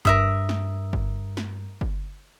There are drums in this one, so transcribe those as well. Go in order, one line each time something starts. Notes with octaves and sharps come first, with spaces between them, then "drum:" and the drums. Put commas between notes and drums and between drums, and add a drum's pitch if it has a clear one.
G2 A#4 E5 D#6, drum: kick G1
drum: snare
drum: kick G1
drum: snare
drum: kick G1